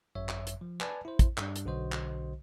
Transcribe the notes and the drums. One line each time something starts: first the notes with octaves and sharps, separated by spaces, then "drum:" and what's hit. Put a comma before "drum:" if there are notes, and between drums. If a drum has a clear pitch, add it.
G#1 F#2 C#5 E5
drum: clap
drum: hi-hat
F3
B4 D5 G#5 A5, drum: clap
E4 C5
drum: kick, hi-hat
G2 G3 D4, drum: clap
drum: hi-hat
B1 D3 F#4 C5 D#5
drum: clap